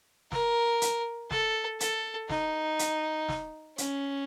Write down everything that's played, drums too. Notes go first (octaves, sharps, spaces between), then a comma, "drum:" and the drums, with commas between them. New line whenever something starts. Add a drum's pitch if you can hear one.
A#4, drum: snare
drum: hi-hat
A4, drum: snare
A4, drum: hi-hat
D#4, drum: snare
drum: hi-hat
drum: snare
C#4, drum: hi-hat